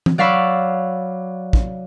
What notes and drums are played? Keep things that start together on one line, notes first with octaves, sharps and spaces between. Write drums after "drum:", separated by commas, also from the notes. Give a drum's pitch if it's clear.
drum: tom E3
F#3 D5 F5 B5 C#6 E6
drum: kick